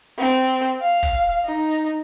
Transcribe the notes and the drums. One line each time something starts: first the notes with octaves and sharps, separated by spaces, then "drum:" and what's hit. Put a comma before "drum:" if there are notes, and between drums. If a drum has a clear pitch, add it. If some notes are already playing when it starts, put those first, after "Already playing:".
C4
F5
drum: kick
D#4